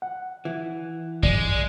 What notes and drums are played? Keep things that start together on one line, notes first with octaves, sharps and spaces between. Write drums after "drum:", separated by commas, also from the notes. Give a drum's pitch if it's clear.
F#5
E3
G#3 D5, drum: kick A#1